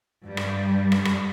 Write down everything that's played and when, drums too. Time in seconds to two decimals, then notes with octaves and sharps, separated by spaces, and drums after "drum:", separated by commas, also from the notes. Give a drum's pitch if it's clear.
0.24 G2 G3
0.37 drum: rim click
0.92 drum: rim click
1.05 drum: rim click